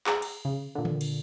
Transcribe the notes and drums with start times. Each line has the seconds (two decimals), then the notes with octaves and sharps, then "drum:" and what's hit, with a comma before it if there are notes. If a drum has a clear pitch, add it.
0.07 G#4 A#5, drum: clap
0.22 drum: cymbal
0.45 C#3
0.75 A#2 D3
0.85 drum: tom D3
1.01 drum: cymbal